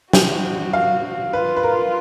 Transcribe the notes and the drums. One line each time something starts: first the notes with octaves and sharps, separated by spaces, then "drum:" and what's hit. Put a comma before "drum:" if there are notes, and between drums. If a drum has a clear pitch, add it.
F#4 G5, drum: snare
F5
F4 B4
B4
A#4